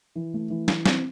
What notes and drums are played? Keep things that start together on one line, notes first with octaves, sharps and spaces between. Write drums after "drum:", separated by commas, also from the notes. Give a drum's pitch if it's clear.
E3
A3
E3
E3, drum: snare
C4, drum: snare